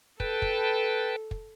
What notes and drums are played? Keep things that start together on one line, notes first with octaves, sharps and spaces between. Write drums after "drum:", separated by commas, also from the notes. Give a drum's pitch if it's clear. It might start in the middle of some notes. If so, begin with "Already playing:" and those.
A4 B4 G5 A5, drum: kick
drum: kick
drum: kick